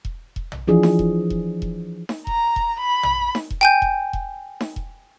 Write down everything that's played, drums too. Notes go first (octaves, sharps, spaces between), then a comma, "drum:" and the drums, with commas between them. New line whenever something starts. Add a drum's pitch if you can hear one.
drum: kick E1
drum: kick E1
drum: tom A#1
E3 F3 D4 G#4
drum: snare D#4
drum: kick E1
drum: kick E1
drum: kick E1
drum: snare D#4
A#5, drum: kick E1
drum: kick E1
B5
drum: tom A#1
drum: snare D#4
drum: kick E1
G5 G#5 G6
drum: kick E1
drum: kick E1
drum: snare D#4
drum: kick E1